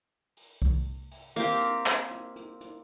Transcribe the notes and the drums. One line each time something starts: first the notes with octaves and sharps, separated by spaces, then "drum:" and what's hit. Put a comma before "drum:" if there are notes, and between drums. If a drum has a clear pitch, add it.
drum: open hi-hat
drum: kick C2
drum: open hi-hat
A#3 C4 G4, drum: hi-hat
drum: hi-hat
drum: clap
drum: hi-hat
drum: hi-hat
drum: hi-hat